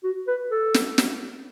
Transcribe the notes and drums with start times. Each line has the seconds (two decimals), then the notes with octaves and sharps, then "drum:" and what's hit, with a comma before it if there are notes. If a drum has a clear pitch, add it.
0.04 F#4
0.28 B4
0.51 A4
0.74 drum: snare
0.98 drum: snare